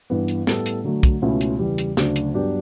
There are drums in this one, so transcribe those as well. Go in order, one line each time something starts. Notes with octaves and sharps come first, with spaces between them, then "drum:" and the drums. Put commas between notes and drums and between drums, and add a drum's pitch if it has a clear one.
G2 E3 B3
drum: hi-hat
A2 G3 B3 E4 A4, drum: snare
drum: hi-hat
D3 F#3 A3
drum: kick, hi-hat
C#2 B2 A3 C#4 E4
drum: hi-hat
E2 C#3 G3
drum: hi-hat
D2 C#3 F#3 A3 D4, drum: snare
drum: hi-hat
G2 F#3 B3 D4 G4